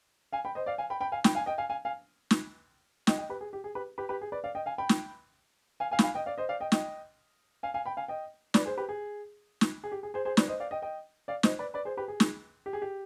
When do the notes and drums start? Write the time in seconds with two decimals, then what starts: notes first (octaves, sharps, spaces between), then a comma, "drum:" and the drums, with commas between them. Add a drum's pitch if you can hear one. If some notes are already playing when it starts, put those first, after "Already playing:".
0.32 F5 G#5
0.45 G5 B5
0.55 C5 D#5
0.66 D5 F5
0.78 F5 G#5
0.90 G5 B5
1.01 G5 B5
1.12 F5 G#5
1.24 G5 B5, drum: snare
1.35 F5 G#5
1.46 D#5 G5
1.58 F5 G#5
1.70 F5 G#5
1.85 F5 G#5
2.31 drum: snare
3.07 D#5 G5, drum: snare
3.18 D#5 G5
3.29 G4 B4
3.41 G#4
3.53 G4
3.64 G#4
3.75 G4 B4
3.98 G4 B4
4.09 G4 B4
4.21 G#4
4.32 B4 D5
4.44 D5 F5
4.55 D#5 G5
4.66 F5 G#5
4.78 G5 B5
4.89 drum: snare
5.80 F5 G#5
5.91 F5 G#5
5.99 B5, drum: snare
6.03 F5 G#5
6.15 D#5 G5
6.26 D5 F5
6.38 C5 D#5
6.49 D5 F5
6.60 D#5 G5
6.72 D#5 G5, drum: snare
7.63 F5 G#5
7.74 F5 G#5
7.86 G5 B5
7.97 F5 G#5
8.08 D#5 G5
8.54 B4 D5, drum: snare
8.65 G#4 C5
8.77 G4 B4
8.89 G#4
9.61 drum: snare
9.84 G#4
9.92 G4
10.03 G#4
10.14 G#4 C5
10.25 G#4 C5
10.37 B4 D5, drum: snare
10.48 C5 D#5
10.60 D5 F5
10.71 D#5 G5
10.82 D#5 G5
11.28 D5 F5
11.43 C5 D#5, drum: snare
11.59 B4 D5
11.74 B4 D5
11.85 G#4 C5
11.97 G4 B4
12.08 G#4
12.20 drum: snare
12.66 G4
12.73 G#4
12.82 G4